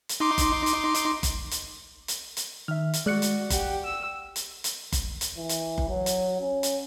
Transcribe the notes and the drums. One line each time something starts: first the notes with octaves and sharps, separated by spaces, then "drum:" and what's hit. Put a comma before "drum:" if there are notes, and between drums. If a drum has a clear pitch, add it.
drum: hi-hat
D#4 C6 D6
drum: kick F#1, hi-hat
drum: hi-hat
drum: hi-hat
drum: kick F#1, hi-hat
drum: hi-hat
drum: hi-hat
drum: hi-hat
D#3 E5 F6
drum: hi-hat
G#3 F#4 D5 F#6 C#7
drum: hi-hat
G4 F#5, drum: kick F#1, hi-hat
E6
drum: hi-hat
drum: hi-hat
drum: kick F#1, hi-hat
drum: hi-hat
E3
drum: hi-hat
drum: kick F#1
F#3
drum: hi-hat
C#4
drum: hi-hat